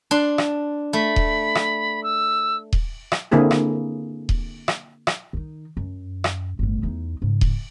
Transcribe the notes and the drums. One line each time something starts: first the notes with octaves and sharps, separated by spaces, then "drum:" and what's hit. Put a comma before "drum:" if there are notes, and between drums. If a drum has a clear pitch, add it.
D4 C6
drum: rim click
A3 B5
drum: kick D#1
drum: rim click
E6
drum: kick D#1
drum: rim click
D3 A#3 C4 E4 G#4
drum: rim click
drum: kick D#1
drum: rim click
drum: rim click
D#3 D#4
F#2
drum: rim click
G1 A2
E2 D#4
G#2 C#3
drum: kick D#1